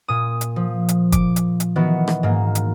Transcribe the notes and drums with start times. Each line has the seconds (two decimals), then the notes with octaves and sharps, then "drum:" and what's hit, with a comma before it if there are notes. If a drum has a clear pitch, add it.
0.08 A#2 D#6
0.41 drum: hi-hat
0.56 F3
0.89 drum: hi-hat
1.12 D6, drum: kick, hi-hat
1.36 drum: hi-hat
1.60 drum: hi-hat
1.76 D#3 E3 B3 F#4
2.08 drum: rim click
2.23 G#2 A#3
2.55 drum: hi-hat